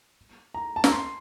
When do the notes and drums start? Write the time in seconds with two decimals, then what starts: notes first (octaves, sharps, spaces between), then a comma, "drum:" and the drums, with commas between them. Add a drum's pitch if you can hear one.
0.54 A#5
0.76 A5
0.84 A#5, drum: snare
0.92 C6